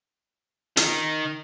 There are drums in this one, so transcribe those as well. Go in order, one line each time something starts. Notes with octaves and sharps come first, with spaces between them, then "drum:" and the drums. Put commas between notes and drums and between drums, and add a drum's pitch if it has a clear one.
D#3, drum: hi-hat